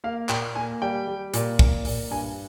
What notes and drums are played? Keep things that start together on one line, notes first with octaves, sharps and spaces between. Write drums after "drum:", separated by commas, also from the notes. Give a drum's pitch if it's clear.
A#3 F5
A#2 G5, drum: clap
A#3 G#5
G3 G5
G3
A#2, drum: hi-hat
A#2, drum: kick
A#2, drum: open hi-hat
G2 G#5